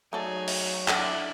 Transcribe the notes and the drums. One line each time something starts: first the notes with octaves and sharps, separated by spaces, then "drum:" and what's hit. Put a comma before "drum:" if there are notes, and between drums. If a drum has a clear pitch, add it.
F#3 A3 D#4 G#4 A4 D5
drum: open hi-hat
D4 E4 A4 E5 F#5, drum: clap